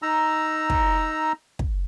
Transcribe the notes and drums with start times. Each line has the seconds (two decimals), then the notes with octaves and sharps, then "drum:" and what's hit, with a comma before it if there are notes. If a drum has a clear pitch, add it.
0.02 D#4 A#5 E6
0.70 drum: kick
1.59 drum: kick